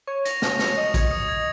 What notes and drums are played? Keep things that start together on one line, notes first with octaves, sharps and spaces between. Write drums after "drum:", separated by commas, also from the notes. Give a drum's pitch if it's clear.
C#5 C#6
A#6 C#7 F7, drum: hi-hat
C#6, drum: snare
A#6 C#7 F7, drum: snare
D#5 D#6
G#6 C#7, drum: kick A1, hi-hat
D#6
G#6 C#7